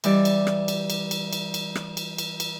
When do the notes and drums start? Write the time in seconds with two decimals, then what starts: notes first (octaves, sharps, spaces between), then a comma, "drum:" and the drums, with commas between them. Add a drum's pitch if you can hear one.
0.04 E3 G3 D5, drum: cymbal
0.25 drum: cymbal
0.47 drum: rim click
0.68 drum: cymbal
0.90 drum: cymbal
1.11 drum: cymbal
1.33 drum: cymbal
1.54 drum: cymbal
1.75 drum: rim click
1.97 drum: cymbal
2.18 drum: cymbal
2.40 drum: cymbal